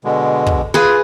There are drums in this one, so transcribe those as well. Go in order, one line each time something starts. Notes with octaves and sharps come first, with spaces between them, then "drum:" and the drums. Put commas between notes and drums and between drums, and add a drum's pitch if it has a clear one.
B2 D3 G#3
drum: kick
F4 G#4 B4